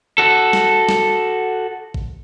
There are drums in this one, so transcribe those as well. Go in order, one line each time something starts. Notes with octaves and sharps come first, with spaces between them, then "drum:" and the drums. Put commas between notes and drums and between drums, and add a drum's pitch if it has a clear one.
F#4 A4
drum: snare
drum: snare
drum: kick A#1